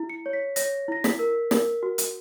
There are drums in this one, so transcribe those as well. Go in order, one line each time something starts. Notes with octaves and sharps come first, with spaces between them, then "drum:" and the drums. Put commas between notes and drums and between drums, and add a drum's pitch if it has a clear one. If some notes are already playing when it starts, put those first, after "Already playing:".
Already playing: E4
C#7
C#5
B6
C#5 A#6, drum: hi-hat
E4 A#6
B6, drum: snare
A#4
A#4, drum: snare
F#4
drum: hi-hat